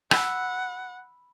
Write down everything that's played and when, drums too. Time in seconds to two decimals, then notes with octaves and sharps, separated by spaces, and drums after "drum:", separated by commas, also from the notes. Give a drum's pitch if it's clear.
0.11 F#5 B5 E6, drum: rim click